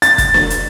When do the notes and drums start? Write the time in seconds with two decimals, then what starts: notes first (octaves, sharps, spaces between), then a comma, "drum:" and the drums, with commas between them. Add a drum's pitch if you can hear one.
0.02 A6, drum: hi-hat
0.18 drum: kick, hi-hat
0.34 drum: snare
0.50 drum: hi-hat